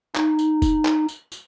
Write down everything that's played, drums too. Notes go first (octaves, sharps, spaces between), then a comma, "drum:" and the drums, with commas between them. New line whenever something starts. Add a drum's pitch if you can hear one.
D#4, drum: clap
drum: tambourine
drum: kick F1, tambourine
drum: clap
drum: tambourine
drum: tambourine